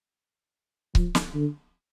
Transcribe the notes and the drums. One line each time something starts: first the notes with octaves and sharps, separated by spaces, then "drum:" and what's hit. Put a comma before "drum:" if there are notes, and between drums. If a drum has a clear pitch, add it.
F3, drum: kick C#1
drum: snare
D3